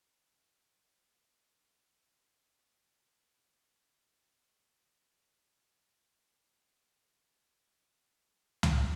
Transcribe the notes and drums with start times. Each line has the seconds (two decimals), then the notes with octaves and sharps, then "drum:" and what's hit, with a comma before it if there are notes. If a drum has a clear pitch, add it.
0.21 G#4
1.69 E3
1.86 C#4
2.13 C#6
2.31 F3
3.42 C3 D4 E4 C#5 D7
4.21 D#5
6.26 A#2 D#3 A3 C4 C#4
8.63 drum: tom